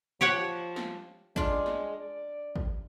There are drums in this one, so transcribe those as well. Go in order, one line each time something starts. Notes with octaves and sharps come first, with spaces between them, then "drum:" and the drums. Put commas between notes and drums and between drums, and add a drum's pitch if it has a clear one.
F3 G4 C#5 F#5
drum: snare
G#3 D4 F4, drum: kick
drum: snare
D5
drum: kick